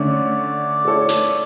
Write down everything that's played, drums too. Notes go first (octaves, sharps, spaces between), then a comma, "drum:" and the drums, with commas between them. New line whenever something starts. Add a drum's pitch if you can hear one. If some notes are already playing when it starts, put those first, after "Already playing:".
Already playing: D3 A3 C#4 D5
A3 E4 A4 C#5
drum: hi-hat